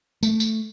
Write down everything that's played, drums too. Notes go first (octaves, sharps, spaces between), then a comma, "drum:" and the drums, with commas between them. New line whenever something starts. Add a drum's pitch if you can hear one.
A3, drum: tambourine
drum: tambourine